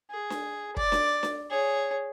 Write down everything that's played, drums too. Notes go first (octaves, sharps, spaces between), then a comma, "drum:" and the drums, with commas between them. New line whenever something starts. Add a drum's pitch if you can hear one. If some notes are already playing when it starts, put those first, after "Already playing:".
G#4
drum: snare D4
D5, drum: kick
drum: snare D4
drum: snare D4
G#4 C#5